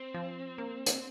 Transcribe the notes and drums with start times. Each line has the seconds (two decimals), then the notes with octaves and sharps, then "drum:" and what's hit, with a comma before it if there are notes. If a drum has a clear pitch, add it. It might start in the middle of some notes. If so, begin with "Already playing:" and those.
Already playing: C4
0.14 F3
0.58 A#3
0.86 drum: hi-hat